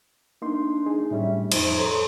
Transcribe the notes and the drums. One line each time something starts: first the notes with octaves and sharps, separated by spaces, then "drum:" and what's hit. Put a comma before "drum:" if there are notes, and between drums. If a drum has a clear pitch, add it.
A#3 D4 D#4 C6
D#4 G#4
A2 G3 C#4 E5
F2 D#4 C5, drum: cymbal
A4 C#5 A#5 C6